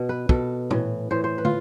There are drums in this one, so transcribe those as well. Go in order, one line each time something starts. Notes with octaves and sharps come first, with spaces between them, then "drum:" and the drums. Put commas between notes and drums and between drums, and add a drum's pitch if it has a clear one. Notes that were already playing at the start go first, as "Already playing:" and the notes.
Already playing: B2
B4
B2 A4, drum: kick
A2 E3, drum: tom
A2 E3 C5
C5
B4
F4, drum: tom